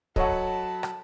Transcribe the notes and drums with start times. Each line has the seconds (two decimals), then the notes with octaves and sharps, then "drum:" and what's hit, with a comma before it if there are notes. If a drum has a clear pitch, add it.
0.16 F#3 A4 C#5 D#5 F#5 A5 B5, drum: kick
0.83 drum: rim click